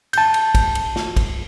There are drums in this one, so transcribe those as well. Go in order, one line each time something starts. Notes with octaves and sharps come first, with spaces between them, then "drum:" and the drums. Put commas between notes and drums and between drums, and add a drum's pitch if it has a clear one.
A5 G6, drum: cymbal
drum: cymbal
drum: kick, cymbal
drum: cymbal
drum: snare
drum: kick, cymbal